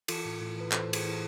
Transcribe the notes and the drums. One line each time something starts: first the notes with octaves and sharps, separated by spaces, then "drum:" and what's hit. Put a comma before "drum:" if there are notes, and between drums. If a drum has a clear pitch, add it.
E3 F4 A4, drum: cymbal
A2
A2
E3 B4
E3 A4 C5, drum: clap
A2
G#4, drum: cymbal
E3